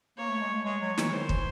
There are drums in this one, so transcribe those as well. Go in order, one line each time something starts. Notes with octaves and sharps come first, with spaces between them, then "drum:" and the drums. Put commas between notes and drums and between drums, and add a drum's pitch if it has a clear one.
A#3 C#5
A3
G#3
A3
G#3 C#5
F#3
E3, drum: snare
D#3 C5
E3, drum: kick